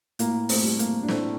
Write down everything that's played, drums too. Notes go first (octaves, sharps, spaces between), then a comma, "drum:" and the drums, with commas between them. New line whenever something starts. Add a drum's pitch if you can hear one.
A2 A#3, drum: hi-hat
A3 C4, drum: open hi-hat
G3
A#3, drum: hi-hat
D4
A2 A3 C4, drum: snare